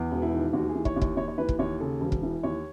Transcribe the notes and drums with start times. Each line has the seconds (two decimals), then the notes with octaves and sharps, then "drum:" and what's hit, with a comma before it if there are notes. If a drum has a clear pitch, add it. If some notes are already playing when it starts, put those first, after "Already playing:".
Already playing: E2
0.12 E1
0.22 E4
0.33 D#3
0.53 D#2 F#4
0.69 G#4
0.75 E3
0.85 C#5, drum: kick
0.96 D#2
1.02 C#5, drum: kick
1.16 D#2 C#5
1.28 C#5
1.38 E3 B4
1.49 drum: kick
1.59 D#2 C#5
1.80 C#3 A4
2.01 E1
2.12 drum: kick
2.22 E3
2.43 D#2 C#5